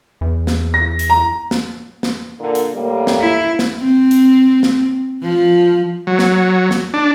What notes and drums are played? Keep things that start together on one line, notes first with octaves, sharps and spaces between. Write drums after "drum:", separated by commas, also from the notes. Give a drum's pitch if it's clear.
E2
drum: snare
A#6
drum: hi-hat
A#5
drum: snare
drum: snare
A#2 D3 A#4
drum: hi-hat
A2 G3 A#3
drum: snare
E4
drum: snare
C4
drum: hi-hat
drum: snare
F3
F#3
drum: snare
drum: snare
D4